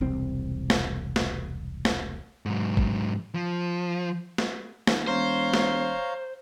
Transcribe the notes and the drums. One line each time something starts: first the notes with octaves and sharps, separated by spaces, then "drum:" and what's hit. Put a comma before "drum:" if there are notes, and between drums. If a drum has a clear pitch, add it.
E1 C2 C4
drum: snare
drum: snare
drum: snare
G#2 F#3
drum: kick G#1
F3
drum: snare
D#2, drum: snare
E1 C5 C#5 F5 A#5
drum: snare